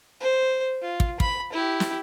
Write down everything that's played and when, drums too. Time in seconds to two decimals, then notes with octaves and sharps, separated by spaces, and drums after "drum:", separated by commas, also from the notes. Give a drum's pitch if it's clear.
0.20 C5
0.82 F4
1.00 drum: kick
1.20 B5, drum: kick
1.53 E4 G4
1.80 drum: snare